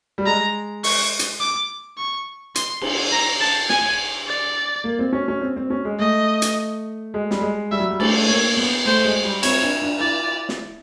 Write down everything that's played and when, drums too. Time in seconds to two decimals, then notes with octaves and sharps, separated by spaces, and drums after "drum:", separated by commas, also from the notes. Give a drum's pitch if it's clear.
0.18 G3
0.26 G#3 A#5
0.84 C#6, drum: open hi-hat
1.19 drum: hi-hat
1.40 D6
1.98 C#6
2.55 C6, drum: hi-hat
2.81 drum: cymbal
3.12 A#5
3.41 A5
3.69 G#5, drum: snare
4.27 D5
4.84 A#3
4.99 C4
5.13 C#4
5.28 C#4
5.41 C4
5.56 C4
5.70 C#4
5.85 G#3
5.99 A3 D#5
6.42 drum: hi-hat
7.14 G#3
7.31 G3, drum: snare
7.42 G#3
7.72 G3 E5
7.80 F#3
7.90 G3
8.00 A3 D5, drum: cymbal
8.28 A#3 C#5
8.57 B3
8.85 A3 C5
9.05 G#3
9.24 G3
9.43 C4 C#5, drum: cymbal
9.62 D4
9.82 D4
10.00 E4 D5
10.49 drum: snare